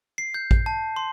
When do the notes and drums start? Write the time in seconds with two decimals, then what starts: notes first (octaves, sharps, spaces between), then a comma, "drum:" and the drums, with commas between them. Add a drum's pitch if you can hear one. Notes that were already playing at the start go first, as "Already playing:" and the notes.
0.18 C7
0.34 G6
0.51 drum: kick
0.66 A5
0.96 C6